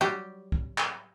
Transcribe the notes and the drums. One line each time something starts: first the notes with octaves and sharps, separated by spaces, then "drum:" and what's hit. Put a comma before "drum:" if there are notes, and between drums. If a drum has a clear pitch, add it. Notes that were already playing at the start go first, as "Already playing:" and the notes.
F#3 G3 G4
drum: kick
drum: clap